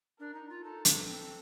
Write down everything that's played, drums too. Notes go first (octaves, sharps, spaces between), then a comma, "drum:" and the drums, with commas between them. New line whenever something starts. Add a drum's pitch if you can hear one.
D4 A#4
D#4
F4
D#4 A4
D4, drum: hi-hat
C4
C4